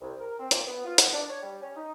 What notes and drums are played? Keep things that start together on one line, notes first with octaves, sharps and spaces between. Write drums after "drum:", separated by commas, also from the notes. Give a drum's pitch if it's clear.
C2
A#4
C4
A#2, drum: hi-hat
B3
F4
B3, drum: hi-hat
D4
C#5
G3
C#4
D#4